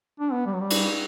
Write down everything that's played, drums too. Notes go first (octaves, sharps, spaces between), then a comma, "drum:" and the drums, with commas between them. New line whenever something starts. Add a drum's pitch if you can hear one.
D4
B3
G3
F#3
G3
drum: cymbal